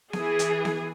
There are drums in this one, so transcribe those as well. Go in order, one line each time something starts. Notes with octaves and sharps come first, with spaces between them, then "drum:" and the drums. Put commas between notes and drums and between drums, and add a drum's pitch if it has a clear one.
E3 G#4, drum: snare B3
drum: hi-hat
drum: snare B3